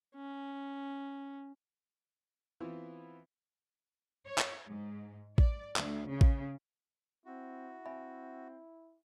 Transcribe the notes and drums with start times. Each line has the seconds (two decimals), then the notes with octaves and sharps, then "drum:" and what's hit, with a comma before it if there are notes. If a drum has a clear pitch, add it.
0.15 C#4
2.60 E3 B3 C4 E4 F4
4.26 C#5
4.38 drum: clap
4.68 G#2
5.38 D5, drum: kick A1
5.76 D2, drum: clap
6.09 C#3
6.21 drum: kick A1
7.26 C4 E4 F#4
7.86 C4 E5 G#5 B5